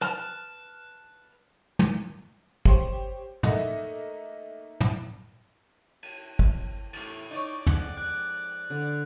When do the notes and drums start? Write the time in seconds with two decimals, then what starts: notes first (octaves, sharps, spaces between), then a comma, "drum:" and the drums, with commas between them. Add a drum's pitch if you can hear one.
0.01 B4 A5 F6
1.79 drum: tom
2.65 G4 C5 C#5, drum: kick
3.43 A3 A#3 D#4 D#5 E5 F#5, drum: tom
4.80 drum: tom
6.03 drum: cymbal
6.39 drum: kick
6.93 E2 A2, drum: cymbal
7.31 D#4 C#5 D5
7.66 F2 G#2 G#3 F#5, drum: tom
7.98 F#6
8.70 D3